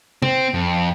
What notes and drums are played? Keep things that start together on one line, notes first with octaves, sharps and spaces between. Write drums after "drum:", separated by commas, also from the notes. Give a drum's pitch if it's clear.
C4, drum: tom C3
F2